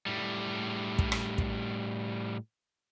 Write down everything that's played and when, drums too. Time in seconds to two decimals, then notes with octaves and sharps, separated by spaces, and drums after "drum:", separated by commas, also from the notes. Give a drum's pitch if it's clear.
0.06 A2 G3
0.99 drum: kick
1.12 drum: rim click
1.38 drum: kick